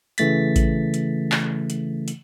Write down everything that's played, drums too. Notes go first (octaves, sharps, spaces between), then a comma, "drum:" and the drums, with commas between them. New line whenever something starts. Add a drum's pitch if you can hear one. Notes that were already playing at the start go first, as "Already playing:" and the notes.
C#3 E3 A3 A6 B6, drum: hi-hat
drum: kick A1, hi-hat
drum: hi-hat
drum: clap
drum: hi-hat
drum: hi-hat